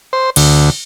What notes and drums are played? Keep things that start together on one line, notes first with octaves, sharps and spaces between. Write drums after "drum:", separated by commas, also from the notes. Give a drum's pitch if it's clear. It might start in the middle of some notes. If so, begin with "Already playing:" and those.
C5
D2, drum: cymbal